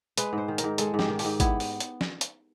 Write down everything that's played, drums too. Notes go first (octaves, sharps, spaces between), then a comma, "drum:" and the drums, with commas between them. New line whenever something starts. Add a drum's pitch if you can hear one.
G#3 B4, drum: hi-hat
G#2 C5
D#3
A#4, drum: hi-hat
G#2
G#3 A4, drum: hi-hat
G#2
G4, drum: snare
D#3
G4, drum: open hi-hat
G#2
B3 E4, drum: kick, hi-hat
drum: open hi-hat
drum: hi-hat
drum: snare
drum: hi-hat